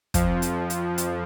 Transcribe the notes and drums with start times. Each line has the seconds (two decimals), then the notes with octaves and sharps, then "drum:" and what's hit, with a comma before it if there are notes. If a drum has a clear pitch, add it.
0.14 F2 F3, drum: kick, hi-hat
0.42 drum: hi-hat
0.70 drum: hi-hat
0.98 drum: hi-hat